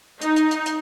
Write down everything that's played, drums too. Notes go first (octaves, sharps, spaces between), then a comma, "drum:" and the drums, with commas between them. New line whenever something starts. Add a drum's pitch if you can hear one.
D#4, drum: hi-hat
drum: hi-hat
drum: hi-hat
drum: hi-hat